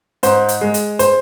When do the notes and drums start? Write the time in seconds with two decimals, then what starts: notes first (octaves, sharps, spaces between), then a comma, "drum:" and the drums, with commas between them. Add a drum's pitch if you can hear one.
0.23 G#2 C5, drum: hi-hat
0.49 drum: hi-hat
0.61 G#3
0.74 drum: hi-hat
0.99 C5, drum: hi-hat